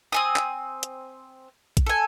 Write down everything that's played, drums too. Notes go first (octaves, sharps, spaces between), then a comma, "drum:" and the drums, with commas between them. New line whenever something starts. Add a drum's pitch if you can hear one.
C4 G#5 D#6
drum: clap
drum: hi-hat
drum: kick A#1, hi-hat
A4 G#5